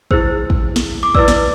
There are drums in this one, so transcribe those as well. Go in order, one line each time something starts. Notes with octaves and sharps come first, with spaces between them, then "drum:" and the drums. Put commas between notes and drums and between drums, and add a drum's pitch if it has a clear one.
E4 G#4 C5 E6, drum: kick
drum: kick
drum: snare
D6
E4 B4 D5 E6, drum: kick
drum: snare